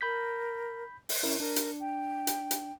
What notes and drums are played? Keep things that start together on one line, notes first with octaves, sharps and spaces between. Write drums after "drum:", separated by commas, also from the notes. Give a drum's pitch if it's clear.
A#4 B5 G6 B6
drum: open hi-hat
C#4 E4 A#4
D4 A#4
drum: hi-hat
G5
drum: hi-hat
drum: hi-hat